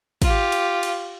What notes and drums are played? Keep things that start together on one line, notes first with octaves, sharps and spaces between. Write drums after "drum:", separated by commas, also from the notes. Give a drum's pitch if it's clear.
F4 G4, drum: kick, cymbal
drum: cymbal
drum: cymbal